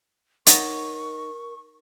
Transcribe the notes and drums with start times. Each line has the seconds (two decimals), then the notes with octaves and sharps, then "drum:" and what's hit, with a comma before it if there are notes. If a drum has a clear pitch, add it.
0.46 D#4 A#4 C#5 D#5 F#5 C#6 A6 D#7, drum: hi-hat